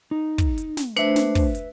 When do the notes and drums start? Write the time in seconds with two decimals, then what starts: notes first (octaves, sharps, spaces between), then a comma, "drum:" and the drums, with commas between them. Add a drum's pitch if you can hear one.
0.11 D#4
0.38 drum: kick, hi-hat
0.58 drum: hi-hat
0.77 drum: snare
0.96 A3 D4 B4 C5 E5, drum: hi-hat
1.16 drum: snare
1.35 drum: kick, open hi-hat
1.55 drum: hi-hat